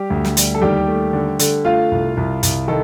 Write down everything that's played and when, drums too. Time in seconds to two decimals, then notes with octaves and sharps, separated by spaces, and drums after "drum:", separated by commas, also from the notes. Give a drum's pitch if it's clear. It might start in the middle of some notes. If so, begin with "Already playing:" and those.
Already playing: G3 G4
0.10 D2
0.25 drum: snare
0.37 G3, drum: hi-hat
0.55 A4
0.61 D#2 G3 G4
0.87 A3
1.13 D3
1.39 D3, drum: hi-hat
1.65 A3 F4 F5
1.92 C2
2.17 C2
2.43 C2, drum: hi-hat
2.68 D#3 A4